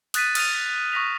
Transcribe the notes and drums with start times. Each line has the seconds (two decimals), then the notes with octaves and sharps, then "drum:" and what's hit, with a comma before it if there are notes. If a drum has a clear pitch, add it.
0.14 D#6 F#6 A6 B6 D#7, drum: cymbal
0.35 D#6 F6 A6 D#7 F7, drum: cymbal
0.92 C#6 D#6 A#6 B6 F7